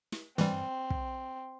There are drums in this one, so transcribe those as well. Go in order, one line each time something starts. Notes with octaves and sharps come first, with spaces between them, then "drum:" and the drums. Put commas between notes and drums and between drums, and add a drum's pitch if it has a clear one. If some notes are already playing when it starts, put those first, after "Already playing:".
drum: snare
E3 G3 C4, drum: tom
drum: kick